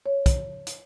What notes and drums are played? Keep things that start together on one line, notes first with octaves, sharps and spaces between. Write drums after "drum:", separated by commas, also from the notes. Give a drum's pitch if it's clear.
C#5
drum: kick, hi-hat
drum: hi-hat